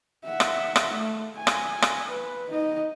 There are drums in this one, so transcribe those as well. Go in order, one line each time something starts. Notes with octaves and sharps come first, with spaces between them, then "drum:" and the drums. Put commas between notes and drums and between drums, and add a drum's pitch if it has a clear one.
E5 F#5
drum: rim click
drum: rim click
A3
G#5
drum: rim click
drum: rim click
B4
D#4 D#5